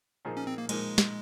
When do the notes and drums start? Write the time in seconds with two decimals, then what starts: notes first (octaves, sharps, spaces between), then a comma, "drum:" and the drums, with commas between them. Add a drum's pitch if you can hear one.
0.25 A#2 F3 A#3 D#4 G#4
0.37 C#4
0.47 C4
0.58 A#3
0.69 A#2 F3 G#3 A#3 D#4 G#4, drum: cymbal
0.98 drum: snare